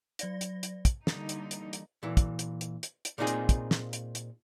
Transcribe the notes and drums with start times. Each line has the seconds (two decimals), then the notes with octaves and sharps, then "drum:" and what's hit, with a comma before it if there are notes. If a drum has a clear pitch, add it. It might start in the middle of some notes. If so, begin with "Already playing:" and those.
0.19 F#3 D5 A#6, drum: hi-hat
0.41 drum: hi-hat
0.63 drum: hi-hat
0.85 drum: kick, hi-hat
1.07 D3 E3 G3 A#3 D#4, drum: snare
1.29 drum: hi-hat
1.51 drum: hi-hat
1.73 drum: hi-hat
2.03 A#2 E3
2.17 drum: kick, hi-hat
2.39 drum: hi-hat
2.61 drum: hi-hat
2.83 drum: hi-hat
3.05 drum: hi-hat
3.18 A#2 A#3 C4 D#4 F4 G#4
3.27 drum: hi-hat
3.49 drum: kick, hi-hat
3.71 drum: snare
3.93 drum: hi-hat
4.15 drum: hi-hat